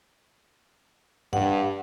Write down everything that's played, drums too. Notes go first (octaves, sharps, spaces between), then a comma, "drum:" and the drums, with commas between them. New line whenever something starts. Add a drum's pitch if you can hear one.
G2 F#5, drum: tom G2